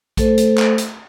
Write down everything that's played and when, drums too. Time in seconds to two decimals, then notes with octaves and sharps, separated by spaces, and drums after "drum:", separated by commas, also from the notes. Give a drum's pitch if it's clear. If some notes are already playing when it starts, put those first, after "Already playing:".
0.17 A3 A4 C5, drum: kick A#1, hi-hat
0.38 drum: hi-hat
0.58 drum: clap
0.78 drum: hi-hat